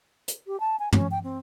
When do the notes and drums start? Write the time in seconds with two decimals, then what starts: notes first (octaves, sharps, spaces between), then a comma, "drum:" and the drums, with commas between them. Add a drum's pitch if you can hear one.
0.28 drum: hi-hat
0.47 G4
0.60 A5
0.79 G#5
0.93 C#4, drum: tom
1.11 G5
1.24 C4